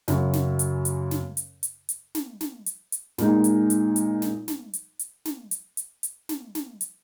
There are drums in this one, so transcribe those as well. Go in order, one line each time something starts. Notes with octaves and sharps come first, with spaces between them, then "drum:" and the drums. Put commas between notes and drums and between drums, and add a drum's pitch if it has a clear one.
F#2 C#3 F#3, drum: snare
drum: snare
drum: hi-hat
drum: hi-hat
drum: snare
drum: hi-hat
drum: hi-hat
drum: hi-hat
drum: snare
drum: snare
drum: hi-hat
drum: hi-hat
A#2 G#3 D#4, drum: snare
drum: hi-hat
drum: hi-hat
drum: hi-hat
drum: snare
drum: snare
drum: hi-hat
drum: hi-hat
drum: snare
drum: hi-hat
drum: hi-hat
drum: hi-hat
drum: snare
drum: snare
drum: hi-hat